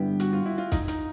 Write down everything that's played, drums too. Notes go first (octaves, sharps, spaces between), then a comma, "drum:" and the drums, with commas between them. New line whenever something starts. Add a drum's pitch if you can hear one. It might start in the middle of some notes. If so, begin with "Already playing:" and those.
Already playing: G2 D3 G3 B3 E4 G4
F#4, drum: hi-hat
F4
E4
F4
D#4, drum: kick, hi-hat
D#4, drum: hi-hat